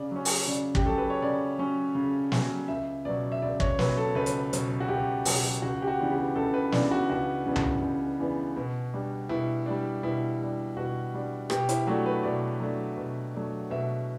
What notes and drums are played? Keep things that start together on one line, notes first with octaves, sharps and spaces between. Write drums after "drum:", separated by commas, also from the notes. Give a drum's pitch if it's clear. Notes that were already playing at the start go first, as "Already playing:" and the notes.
Already playing: C#3 D5
F#3 C#4
drum: open hi-hat
C#3 D5
G4, drum: kick
F#3 C#4 A4
B4
C#5
C#3 D5
F#3 C#4
C#3
F#3 C#4, drum: snare
C#2 E5
B2 F#3 D5
E5
C#2 D5
C#5, drum: kick
B2 F#3 B4, drum: snare
A4
C#2 B4
drum: hi-hat
B2 F#3, drum: hi-hat
F#4
C#2 G4
B2 F#3, drum: open hi-hat
C#2 F#4
G4
F#4
C#3 E3 B3 D4
G4
C#2 A4
B4
C#3 E3 B3 D4 D5, drum: snare
F#4
C#2 F#4
C#3 E3 B3 D4
drum: tom C2
C#2
C#3 E3 B3 D4
B2
G3 D4
B2 E4
G3 D4
B2 E4
G3 D4
B2 F#4
G3 D4
B2 G4, drum: rim click
E4, drum: hi-hat
F#3 A3 D4 F#4
B4
B2 D5
F#3 A3 D4
B2
F#3 A3 D4
B2 E5